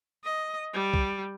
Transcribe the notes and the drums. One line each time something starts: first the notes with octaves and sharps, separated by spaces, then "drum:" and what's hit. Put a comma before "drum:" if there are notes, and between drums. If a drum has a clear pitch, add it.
D#5
G3
drum: kick